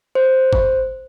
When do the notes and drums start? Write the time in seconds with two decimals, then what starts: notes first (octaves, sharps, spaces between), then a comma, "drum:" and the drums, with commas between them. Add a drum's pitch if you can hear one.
0.15 C5
0.53 drum: kick